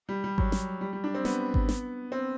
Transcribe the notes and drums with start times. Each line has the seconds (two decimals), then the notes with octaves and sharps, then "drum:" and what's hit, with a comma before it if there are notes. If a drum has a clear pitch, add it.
0.09 G3
0.24 G3
0.38 F#3, drum: kick G#1
0.52 drum: snare
0.81 G3
0.93 G3
1.04 D4
1.15 C4
1.25 B3, drum: snare
1.54 drum: kick G#1
1.69 drum: snare
2.12 C4